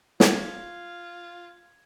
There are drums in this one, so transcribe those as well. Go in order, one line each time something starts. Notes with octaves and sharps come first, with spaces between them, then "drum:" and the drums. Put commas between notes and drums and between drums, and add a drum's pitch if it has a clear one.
F4 G#6, drum: snare